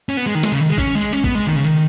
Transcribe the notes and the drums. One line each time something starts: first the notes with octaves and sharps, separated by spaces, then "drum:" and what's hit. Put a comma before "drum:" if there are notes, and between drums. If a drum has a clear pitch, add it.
C#4
B3
G#3
D#3
G#3, drum: snare
C#3
D#3
G#3
C#4, drum: kick A1
G#3
C#4
B3, drum: kick A1
G#3
D#3
C#3
D#3